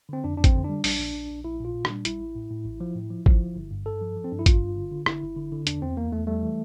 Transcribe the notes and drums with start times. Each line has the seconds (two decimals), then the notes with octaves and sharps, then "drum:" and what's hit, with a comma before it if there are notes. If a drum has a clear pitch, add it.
0.09 D3 C4
0.24 F2 D4
0.37 F2 D4
0.44 C4, drum: kick G#1, hi-hat
0.54 D3
0.64 G3 D4
0.84 A#1 D4, drum: open hi-hat
0.99 A#1
1.14 A#1
1.30 A#1
1.45 A#1 E4
1.60 A#2 F4
1.75 A#2
1.85 D4, drum: rim click
1.90 G3
2.05 A1 E4, drum: hi-hat
2.20 A1
2.35 A2
2.50 A2
2.66 A1
2.80 F3
2.96 A2
3.10 F3
3.26 F3, drum: kick G#1
3.41 G1
3.56 G1
3.71 G2
3.86 G2 A4
4.01 F3
4.16 F3
4.24 C4
4.31 G2 D4
4.39 E4
4.46 G2 F4, drum: kick G#1, hi-hat
4.61 G1
4.77 D3
4.92 D3
5.06 G1 E4, drum: rim click
5.22 G1
5.36 D3
5.52 D3
5.67 E2 D4, drum: hi-hat
5.82 E2 C4
5.97 E2 A#3
6.12 E2 A3
6.27 G3 A3
6.43 E3